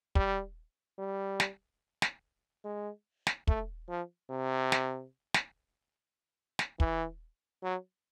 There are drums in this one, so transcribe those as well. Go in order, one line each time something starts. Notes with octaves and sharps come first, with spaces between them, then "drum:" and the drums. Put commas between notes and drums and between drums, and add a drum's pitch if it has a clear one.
G3, drum: kick
G3
drum: snare
drum: snare
G#3
drum: snare
A3, drum: kick
F3
C3
drum: snare
drum: snare
drum: snare
E3, drum: kick
F#3